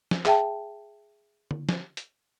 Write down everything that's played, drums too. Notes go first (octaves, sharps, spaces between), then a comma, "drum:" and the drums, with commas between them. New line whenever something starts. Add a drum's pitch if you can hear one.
drum: snare
G#4 E5 G5 A5, drum: clap
drum: tom D3
drum: snare
drum: hi-hat